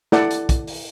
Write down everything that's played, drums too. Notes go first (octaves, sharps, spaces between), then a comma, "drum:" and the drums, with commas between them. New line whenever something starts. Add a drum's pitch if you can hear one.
E4 A4 D5 F#5, drum: snare
drum: hi-hat
drum: kick, hi-hat
drum: open hi-hat